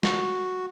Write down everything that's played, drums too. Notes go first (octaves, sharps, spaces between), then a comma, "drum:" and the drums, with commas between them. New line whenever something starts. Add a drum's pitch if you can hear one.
F#4, drum: snare